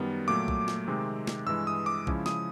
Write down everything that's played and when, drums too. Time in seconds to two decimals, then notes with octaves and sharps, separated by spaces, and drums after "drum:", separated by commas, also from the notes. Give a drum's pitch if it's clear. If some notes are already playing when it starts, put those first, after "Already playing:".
Already playing: F#2 D#3 G3 B3
0.28 A#2 F#3 A3 D6
0.48 drum: kick
0.68 drum: snare
0.88 C3 D#3 G#3 C4
1.27 drum: snare
1.47 G2 E3 G#3 E6
1.67 D#6
1.86 D6
2.07 C#3 F3 G#3 C#4 E4, drum: kick
2.26 D#6, drum: snare